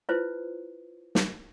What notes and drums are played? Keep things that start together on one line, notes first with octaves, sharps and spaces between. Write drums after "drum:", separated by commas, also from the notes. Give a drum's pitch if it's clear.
E4 F4 B4 C5
drum: snare